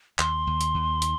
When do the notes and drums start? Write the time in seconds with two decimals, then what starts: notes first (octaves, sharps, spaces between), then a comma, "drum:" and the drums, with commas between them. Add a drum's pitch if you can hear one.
0.19 D#2 C6, drum: clap
0.47 D#2
0.61 drum: hi-hat
0.74 D#2
1.02 drum: hi-hat